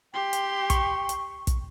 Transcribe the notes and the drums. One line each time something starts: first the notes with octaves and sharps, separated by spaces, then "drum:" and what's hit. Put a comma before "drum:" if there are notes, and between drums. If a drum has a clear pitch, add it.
G4 G5 C6
drum: hi-hat
C#6, drum: kick, hi-hat
drum: hi-hat
drum: kick, hi-hat